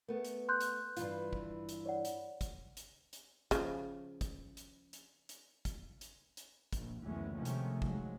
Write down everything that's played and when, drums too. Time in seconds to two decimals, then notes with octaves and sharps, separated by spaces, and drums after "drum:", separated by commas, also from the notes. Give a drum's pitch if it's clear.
0.08 A3 B3 A#4
0.25 drum: hi-hat
0.49 C6 F#6 G6
0.61 drum: hi-hat
0.97 G2 E3 F4, drum: hi-hat
1.33 drum: kick
1.69 drum: hi-hat
1.86 C#5 D5 F#5
2.05 drum: hi-hat
2.41 drum: kick, hi-hat
2.77 drum: hi-hat
3.13 drum: hi-hat
3.51 C#3 F3, drum: kick, hi-hat
4.21 drum: kick, hi-hat
4.57 drum: hi-hat
4.93 drum: hi-hat
5.29 drum: hi-hat
5.65 drum: kick, hi-hat
6.01 drum: hi-hat
6.37 drum: hi-hat
6.73 A#1, drum: kick, hi-hat
7.04 F#1 D2 E3 G#3 B3 C#4
7.36 C3 D#3 F3 G#3 A3 C#4
7.45 drum: hi-hat
7.82 G#2 F3 F#3 G#3, drum: kick